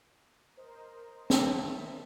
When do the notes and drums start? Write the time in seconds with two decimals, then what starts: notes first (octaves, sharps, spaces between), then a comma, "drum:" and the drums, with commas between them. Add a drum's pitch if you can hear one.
0.56 A#4 C5 D#5
1.30 D#3 E5 A5, drum: snare